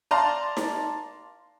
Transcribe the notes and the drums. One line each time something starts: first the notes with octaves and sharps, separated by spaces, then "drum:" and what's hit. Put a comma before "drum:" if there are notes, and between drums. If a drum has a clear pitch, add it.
D5 F5 A5 A#5 C6
drum: snare D#4